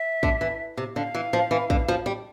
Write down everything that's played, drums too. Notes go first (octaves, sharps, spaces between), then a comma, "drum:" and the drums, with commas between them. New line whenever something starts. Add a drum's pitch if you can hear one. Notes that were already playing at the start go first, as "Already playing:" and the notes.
Already playing: E5
D3, drum: kick
E3
C3
D3 F5
E3
F3
E3
D3, drum: kick
F3
G3